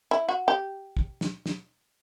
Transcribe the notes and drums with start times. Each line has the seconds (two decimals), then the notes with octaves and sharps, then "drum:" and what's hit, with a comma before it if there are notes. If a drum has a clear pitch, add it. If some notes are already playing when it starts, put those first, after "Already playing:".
0.11 E4
0.29 F#4
0.48 G4
0.97 drum: kick
1.21 drum: snare
1.46 drum: snare